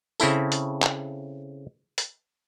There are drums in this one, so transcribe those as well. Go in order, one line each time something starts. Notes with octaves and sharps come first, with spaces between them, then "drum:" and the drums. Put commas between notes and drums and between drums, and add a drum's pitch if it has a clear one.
C#3 C4 E4 A4, drum: tambourine
drum: hi-hat
drum: clap
drum: hi-hat